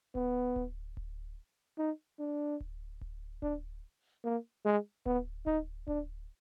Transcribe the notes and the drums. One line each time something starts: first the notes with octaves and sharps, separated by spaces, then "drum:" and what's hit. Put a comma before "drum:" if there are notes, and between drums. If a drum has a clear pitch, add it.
B3, drum: kick D1
drum: kick D1
drum: kick D1
D#4
D4
drum: kick D1
drum: kick D1
D4, drum: kick D1
A#3
G#3
B3, drum: kick D1
D#4, drum: kick D1
D4, drum: kick D1